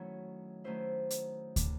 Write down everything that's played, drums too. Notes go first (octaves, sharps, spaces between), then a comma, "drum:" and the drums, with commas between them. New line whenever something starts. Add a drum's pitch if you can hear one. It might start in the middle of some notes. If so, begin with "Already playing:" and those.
Already playing: D#3 F#3 A3 C#4 E4 C#5
D#3 F#3 A3 C#4 E4 C5
drum: hi-hat
C3 E3 A3 D4, drum: kick, hi-hat